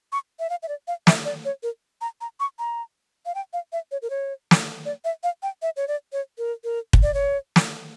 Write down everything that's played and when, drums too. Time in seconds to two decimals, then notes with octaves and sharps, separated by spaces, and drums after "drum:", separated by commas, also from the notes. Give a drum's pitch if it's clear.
0.12 C#6
0.39 E5
0.50 F5
0.63 E5
0.68 D5
0.88 F5
1.07 E5, drum: snare
1.25 D5
1.45 C#5
1.63 A#4
2.01 A#5
2.21 A#5
2.40 C#6
2.59 A#5
3.26 F5
3.35 G5
3.53 F5
3.73 E5
3.92 C#5
4.02 A#4
4.10 C#5
4.51 drum: snare
4.85 D5
5.05 E5
5.23 F5
5.43 G5
5.62 E5
5.77 C#5
5.88 D5
6.13 C#5
6.38 A#4
6.64 A#4
6.93 drum: kick
7.03 D5
7.14 C#5
7.56 drum: snare